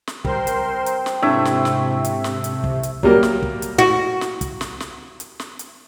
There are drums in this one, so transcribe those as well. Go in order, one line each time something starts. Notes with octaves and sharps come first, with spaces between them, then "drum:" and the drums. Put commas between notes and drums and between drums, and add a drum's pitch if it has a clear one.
drum: snare
G3 C4 A#4 C5 C6, drum: kick
drum: hi-hat
drum: hi-hat
drum: snare
G#2 C3 A3 D4 E4 D5 E5
drum: snare
drum: snare
drum: hi-hat
drum: snare
drum: hi-hat
drum: kick
drum: hi-hat
F#3 G3 A#3, drum: kick
drum: snare
drum: kick
drum: hi-hat
F#4
drum: snare
drum: kick, hi-hat
drum: snare
drum: snare
drum: hi-hat
drum: snare
drum: hi-hat